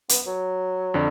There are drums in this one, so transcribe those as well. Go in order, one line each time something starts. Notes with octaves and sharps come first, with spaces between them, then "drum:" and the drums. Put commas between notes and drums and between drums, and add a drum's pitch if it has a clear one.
B3, drum: hi-hat
F#3
F2 D3 D5